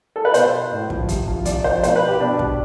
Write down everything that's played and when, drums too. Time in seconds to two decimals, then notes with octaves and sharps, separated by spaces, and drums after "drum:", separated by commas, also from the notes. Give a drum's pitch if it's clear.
0.16 A4
0.25 B4
0.34 B2 C5, drum: hi-hat
0.72 A2
0.90 F3, drum: kick
1.09 C3, drum: kick, hi-hat
1.27 F3
1.45 C3 D5, drum: kick, hi-hat
1.64 F3 C5
1.83 B2 C5, drum: hi-hat
1.96 B4
2.08 G4
2.20 B2 D4
2.39 drum: kick